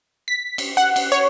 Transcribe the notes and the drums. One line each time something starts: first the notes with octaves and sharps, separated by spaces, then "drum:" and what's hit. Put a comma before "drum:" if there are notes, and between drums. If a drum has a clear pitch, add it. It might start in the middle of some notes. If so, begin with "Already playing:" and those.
B6
drum: cymbal
F#5
drum: cymbal
C#5